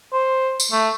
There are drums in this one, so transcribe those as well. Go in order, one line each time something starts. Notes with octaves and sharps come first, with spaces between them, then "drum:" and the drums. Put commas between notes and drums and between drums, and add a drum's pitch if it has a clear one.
C5
drum: tambourine
A3